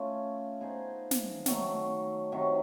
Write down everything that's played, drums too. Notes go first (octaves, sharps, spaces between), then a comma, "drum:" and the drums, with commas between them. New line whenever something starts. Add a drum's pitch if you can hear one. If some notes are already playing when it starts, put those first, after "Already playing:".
Already playing: A3 C#4 F4
B3 D#4 G#4 C5
drum: snare
D#3 F#3 A3, drum: snare
C3 D#3 F#3